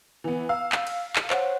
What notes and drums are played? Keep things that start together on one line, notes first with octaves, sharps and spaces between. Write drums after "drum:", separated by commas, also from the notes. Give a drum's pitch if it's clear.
E3 B3
F5 E6
drum: clap
drum: cymbal
drum: clap
C5 C#5 F#5, drum: clap